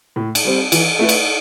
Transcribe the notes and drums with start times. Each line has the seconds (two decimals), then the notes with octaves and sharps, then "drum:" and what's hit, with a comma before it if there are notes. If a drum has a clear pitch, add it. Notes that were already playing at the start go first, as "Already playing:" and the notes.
0.16 A2
0.35 drum: cymbal
0.45 G3 C4
0.72 E3, drum: cymbal
0.99 A3 E4 B4
1.09 drum: cymbal